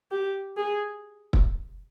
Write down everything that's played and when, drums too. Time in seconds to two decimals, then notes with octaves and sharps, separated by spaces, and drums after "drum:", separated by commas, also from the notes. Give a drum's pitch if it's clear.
0.11 G4
0.57 G#4
1.33 drum: kick